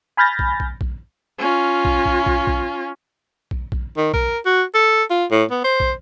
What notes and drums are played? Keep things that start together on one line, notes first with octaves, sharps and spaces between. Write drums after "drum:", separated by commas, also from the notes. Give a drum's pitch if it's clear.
G#5 B5 F6 G6 A6 A#6
drum: kick
drum: kick
drum: kick
C#4 F4
drum: kick
drum: kick
drum: kick
drum: kick
drum: kick
drum: kick
D#3
A#4, drum: kick
F#4
A4
F4
A2
B3
C5
drum: kick